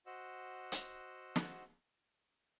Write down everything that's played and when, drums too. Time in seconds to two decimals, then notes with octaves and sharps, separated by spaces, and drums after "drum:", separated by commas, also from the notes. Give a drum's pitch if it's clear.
0.06 F#4 C5 D#5 F#5 E6
0.72 drum: hi-hat
1.36 drum: snare